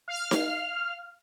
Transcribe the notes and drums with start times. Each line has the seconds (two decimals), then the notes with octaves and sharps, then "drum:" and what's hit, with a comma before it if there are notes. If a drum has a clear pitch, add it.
0.08 F5 F6
0.31 drum: snare D#4